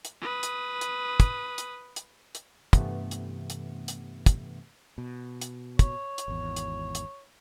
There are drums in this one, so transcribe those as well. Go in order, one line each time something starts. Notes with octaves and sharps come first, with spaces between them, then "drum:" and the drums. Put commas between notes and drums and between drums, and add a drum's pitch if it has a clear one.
drum: hi-hat
B4 D#6
drum: hi-hat
drum: hi-hat
drum: kick, hi-hat
drum: hi-hat
drum: hi-hat
drum: hi-hat
G2 C3 E3 A3 B3, drum: kick, hi-hat
drum: hi-hat
drum: hi-hat
drum: hi-hat
drum: kick, hi-hat
B2
drum: hi-hat
C#5, drum: kick, hi-hat
drum: hi-hat
G#1 E2
drum: hi-hat
drum: hi-hat